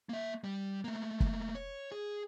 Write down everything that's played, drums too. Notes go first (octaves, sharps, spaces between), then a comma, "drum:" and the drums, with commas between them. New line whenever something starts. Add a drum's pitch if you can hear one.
A#3 E5
G3
A3 A#3
drum: kick
C#5
G#4